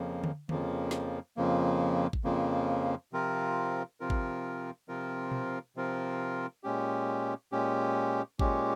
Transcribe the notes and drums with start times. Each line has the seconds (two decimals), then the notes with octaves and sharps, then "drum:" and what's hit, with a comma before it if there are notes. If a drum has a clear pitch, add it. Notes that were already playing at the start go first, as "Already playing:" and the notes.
Already playing: F2 C#3 F3 A#3
0.24 drum: tom D3
0.49 F2 C#3 F3 A#3, drum: tom D3
0.91 drum: snare
1.37 F2 C#3 F3 A#3
2.13 drum: kick G#1
2.24 F2 C#3 F3 A#3
3.13 C3 F3 C4 F4 A#4
4.00 C3 F3 C4 F4 A#4
4.10 drum: kick G#1
4.88 C3 F3 C4 F4 A#4
5.32 drum: tom B2
5.76 C3 F3 C4 F4 A#4
6.63 A#2 G#3 C#4 G4
7.52 A#2 G#3 C#4 G4
8.39 A#2 G#3 C#4 G4, drum: kick G#1